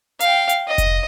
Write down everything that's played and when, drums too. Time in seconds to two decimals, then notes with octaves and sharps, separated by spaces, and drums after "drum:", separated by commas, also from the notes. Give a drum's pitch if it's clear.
0.20 F5 G5, drum: hi-hat
0.49 drum: hi-hat
0.68 D#5
0.78 drum: kick F1, hi-hat